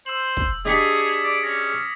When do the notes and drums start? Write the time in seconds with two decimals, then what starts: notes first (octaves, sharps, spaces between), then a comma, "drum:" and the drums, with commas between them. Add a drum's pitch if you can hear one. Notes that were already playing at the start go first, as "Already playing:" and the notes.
0.06 C5 E6 F#7
0.37 drum: kick
0.65 G#3 D4 G4 G#4 D#6 B6 C#7
0.95 D6 G#6
1.24 D5
1.44 C#4 A#6